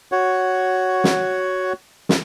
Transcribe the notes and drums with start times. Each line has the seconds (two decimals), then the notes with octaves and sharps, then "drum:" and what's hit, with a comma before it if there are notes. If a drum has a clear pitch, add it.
0.12 F#4 C#5 F#5
1.04 drum: snare
2.09 drum: snare